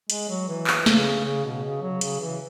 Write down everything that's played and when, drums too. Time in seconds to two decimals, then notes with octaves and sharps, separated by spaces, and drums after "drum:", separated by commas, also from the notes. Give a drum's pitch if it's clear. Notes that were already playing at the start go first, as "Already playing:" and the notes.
0.10 G#3, drum: hi-hat
0.29 F#3
0.48 E3
0.67 drum: clap
0.86 C#3, drum: snare
1.25 C#3
1.44 B2
1.63 C#3
1.82 F#3
2.01 C#3, drum: hi-hat
2.20 E3